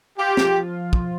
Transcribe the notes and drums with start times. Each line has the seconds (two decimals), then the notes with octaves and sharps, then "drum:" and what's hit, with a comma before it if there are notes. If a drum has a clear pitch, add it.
0.19 F4 G4
0.37 F3, drum: snare
0.93 drum: kick